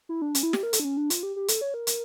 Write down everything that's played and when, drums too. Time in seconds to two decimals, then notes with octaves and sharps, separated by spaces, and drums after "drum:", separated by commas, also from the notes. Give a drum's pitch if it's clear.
0.09 E4
0.22 D4
0.35 C#4, drum: hi-hat
0.43 E4
0.53 G4, drum: snare
0.63 A#4
0.73 A4, drum: hi-hat
0.80 D4
0.85 C#4
0.97 D4
1.10 F4, drum: hi-hat
1.23 G4
1.36 G4
1.48 A4, drum: hi-hat
1.61 C#5
1.74 A#4
1.87 drum: hi-hat